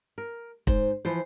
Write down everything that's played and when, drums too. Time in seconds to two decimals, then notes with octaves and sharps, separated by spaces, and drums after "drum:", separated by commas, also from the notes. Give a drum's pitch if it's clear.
0.18 A#4
0.67 G#2 C5, drum: kick
1.05 E3 F3 C5